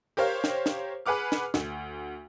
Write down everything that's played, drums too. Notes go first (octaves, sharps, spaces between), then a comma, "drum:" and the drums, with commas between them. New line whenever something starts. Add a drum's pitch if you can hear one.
G4 A#4 C5 C#5 F5
drum: snare
drum: snare
G#4 B4 F#5 D6 F6
drum: snare
D2, drum: snare